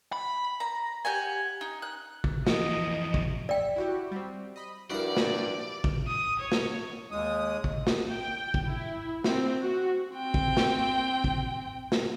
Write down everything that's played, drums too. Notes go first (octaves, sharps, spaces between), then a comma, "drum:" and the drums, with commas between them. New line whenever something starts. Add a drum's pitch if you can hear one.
B5
A#5
G4 F#5 G#5
D#4
F#6
drum: kick
F2 E3 D#5, drum: snare
drum: kick
D5 E5 G5 B6
E4 F#4 G4
G3 C4
D#5 B5
G2 F3 E4 F#4 A#4 D5
drum: snare
drum: kick
D#6
C#5
drum: snare
D#2 G#3 D#6
drum: kick
drum: snare
G5
drum: kick
E4
C4, drum: snare
F#4
C4 G5
drum: kick
drum: snare
drum: kick
drum: snare